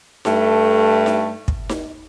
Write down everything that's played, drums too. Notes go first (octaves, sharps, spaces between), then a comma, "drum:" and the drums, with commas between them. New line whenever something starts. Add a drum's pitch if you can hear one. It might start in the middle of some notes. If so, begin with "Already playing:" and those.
G2 A3, drum: snare D#4
drum: snare D#4
drum: kick
drum: snare D#4